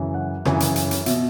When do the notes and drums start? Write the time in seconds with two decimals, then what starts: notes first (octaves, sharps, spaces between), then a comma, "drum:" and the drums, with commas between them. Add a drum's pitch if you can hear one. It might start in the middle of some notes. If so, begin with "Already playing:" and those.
Already playing: F#2 C#3 E3
0.14 F#5
0.45 F#2 C#3 E3, drum: rim click
0.60 drum: hi-hat
0.76 drum: hi-hat
0.91 drum: hi-hat
1.06 B2 E5, drum: hi-hat